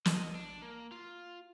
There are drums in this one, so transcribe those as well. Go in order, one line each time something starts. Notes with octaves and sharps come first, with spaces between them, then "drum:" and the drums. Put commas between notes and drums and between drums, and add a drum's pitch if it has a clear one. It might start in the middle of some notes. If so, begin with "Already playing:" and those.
D#5, drum: snare
D4
A#3
F4